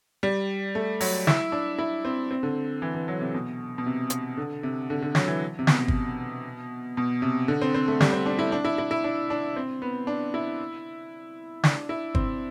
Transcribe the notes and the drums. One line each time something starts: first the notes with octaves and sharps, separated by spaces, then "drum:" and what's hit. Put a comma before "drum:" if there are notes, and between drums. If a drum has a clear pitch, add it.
G3
A3
F#3, drum: open hi-hat
E4, drum: snare
D4
E4
C4
C4
D3
E3
E3
F#3
C3
B2
B2
C3
drum: hi-hat
D3
C3
D3
D3
F#3, drum: snare
E3
C3
B2, drum: snare
drum: kick G1
B2
C3
D3
C4
C4
A3
G3, drum: snare
C4
D4
E4
D4
E4
E4
E4
D4
D4
C4
B3
D4
E4
D4, drum: snare
E4
C4, drum: kick G1